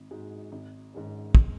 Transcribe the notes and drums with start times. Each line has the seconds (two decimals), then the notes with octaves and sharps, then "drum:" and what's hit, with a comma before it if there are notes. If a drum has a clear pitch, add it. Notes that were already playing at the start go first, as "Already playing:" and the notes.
Already playing: G#1
0.11 G#2 G#3 D#4 F#4
0.52 G#1
0.93 G#2 D#3 G#3 C#4
1.35 drum: kick